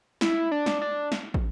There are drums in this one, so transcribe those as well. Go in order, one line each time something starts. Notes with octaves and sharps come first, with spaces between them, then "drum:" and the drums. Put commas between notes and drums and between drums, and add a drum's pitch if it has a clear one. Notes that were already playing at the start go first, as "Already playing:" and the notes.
E4, drum: snare
D4
drum: snare
D4
drum: snare
drum: kick